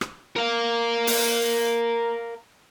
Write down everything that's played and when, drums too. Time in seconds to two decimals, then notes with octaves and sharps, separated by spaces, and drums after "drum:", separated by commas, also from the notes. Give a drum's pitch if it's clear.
0.01 drum: rim click
0.36 A#4 F5
1.07 drum: open hi-hat